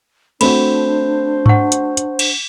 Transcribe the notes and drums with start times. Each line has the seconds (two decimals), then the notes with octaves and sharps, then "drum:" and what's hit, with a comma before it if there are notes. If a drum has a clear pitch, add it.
0.41 A3 C4 D4 F#4 C5 B5, drum: cymbal
1.46 F#5 C#6, drum: tom G#2
1.72 drum: hi-hat
1.97 drum: hi-hat
2.19 drum: cymbal